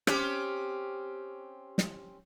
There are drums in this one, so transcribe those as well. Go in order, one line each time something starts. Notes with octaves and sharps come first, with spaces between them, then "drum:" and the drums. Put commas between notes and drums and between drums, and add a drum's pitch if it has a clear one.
C4 C#4 G4, drum: rim click
drum: snare